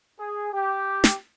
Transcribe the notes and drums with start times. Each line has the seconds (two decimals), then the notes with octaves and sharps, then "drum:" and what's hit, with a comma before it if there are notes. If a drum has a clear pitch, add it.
0.20 G#4
0.53 G4
1.04 drum: snare